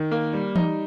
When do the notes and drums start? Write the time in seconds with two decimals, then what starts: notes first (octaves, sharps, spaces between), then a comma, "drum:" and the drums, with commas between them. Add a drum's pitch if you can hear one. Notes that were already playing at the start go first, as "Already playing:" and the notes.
Already playing: D#3
0.11 A#3
0.33 G3
0.56 D#4, drum: tom E3